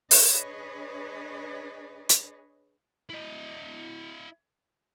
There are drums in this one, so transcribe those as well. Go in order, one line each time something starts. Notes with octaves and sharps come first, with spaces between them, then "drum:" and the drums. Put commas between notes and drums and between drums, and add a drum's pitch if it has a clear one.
D4 G#4 B4 C#5 D#5, drum: open hi-hat
drum: hi-hat
E4 D#5